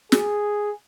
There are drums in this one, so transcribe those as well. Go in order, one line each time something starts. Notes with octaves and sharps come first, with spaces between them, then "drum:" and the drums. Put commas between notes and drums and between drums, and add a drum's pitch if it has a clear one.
G#4, drum: snare